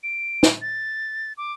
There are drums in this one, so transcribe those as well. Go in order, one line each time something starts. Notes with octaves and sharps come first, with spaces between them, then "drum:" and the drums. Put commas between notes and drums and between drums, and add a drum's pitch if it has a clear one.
D7
drum: snare
A6
D6